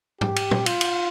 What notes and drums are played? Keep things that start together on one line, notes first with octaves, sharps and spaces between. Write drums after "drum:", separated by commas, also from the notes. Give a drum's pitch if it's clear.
G4, drum: tom
drum: cymbal
drum: tom
F4, drum: cymbal
drum: cymbal